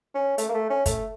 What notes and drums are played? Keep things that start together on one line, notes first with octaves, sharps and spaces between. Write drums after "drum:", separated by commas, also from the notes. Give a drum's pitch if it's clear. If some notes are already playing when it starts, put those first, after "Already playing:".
C#4
A3, drum: hi-hat
A#3
A3
C#4
A3, drum: kick F#1, hi-hat